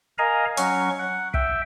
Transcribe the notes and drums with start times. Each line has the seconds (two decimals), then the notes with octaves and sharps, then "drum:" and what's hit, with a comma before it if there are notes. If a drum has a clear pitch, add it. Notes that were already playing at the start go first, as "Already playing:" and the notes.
0.18 A#4 D#5 F5 G#5 A#5
0.57 F#3 C#4 C#6, drum: hi-hat
0.99 F#5
1.34 E5 G5, drum: kick